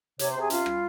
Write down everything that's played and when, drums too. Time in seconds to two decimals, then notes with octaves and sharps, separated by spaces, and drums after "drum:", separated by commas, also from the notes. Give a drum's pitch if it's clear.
0.19 C3 C#5, drum: hi-hat
0.30 C5
0.35 C3
0.40 G#4
0.50 C#4 F4, drum: hi-hat
0.66 G3, drum: rim click